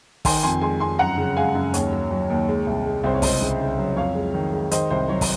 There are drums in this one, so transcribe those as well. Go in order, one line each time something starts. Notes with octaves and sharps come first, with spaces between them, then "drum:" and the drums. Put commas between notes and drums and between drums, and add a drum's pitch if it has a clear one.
D#3 G#5 C6, drum: kick, open hi-hat
F2 G#5 C6
G#3 G#5 C6
F2 G#5 C6
F#2 F#5 A#5
C#3
G#3 F5 G#5
F#2
D#2 C#5, drum: hi-hat
F#3
F#3
D#2
G#3
C2
G#3
C2 C5
C#5
C#2 C5 D#5, drum: kick, open hi-hat
C#3
C#3
F#3
F2 C#5 F5
G#3
D#3
G#3
D#3 C5 D#5, drum: hi-hat
C2 C5
F#3 C#5
drum: kick, open hi-hat